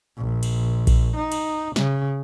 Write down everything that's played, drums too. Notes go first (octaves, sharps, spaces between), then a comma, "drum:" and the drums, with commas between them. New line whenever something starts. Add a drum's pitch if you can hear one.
A#1
drum: cymbal
drum: kick A#1, cymbal
D#4
drum: cymbal
C#3, drum: snare